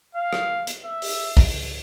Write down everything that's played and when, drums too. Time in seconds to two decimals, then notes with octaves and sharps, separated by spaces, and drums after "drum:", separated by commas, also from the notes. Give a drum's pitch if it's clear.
0.15 F5
0.33 drum: rim click
0.67 drum: hi-hat
0.85 E5
1.02 drum: open hi-hat
1.37 drum: kick, open hi-hat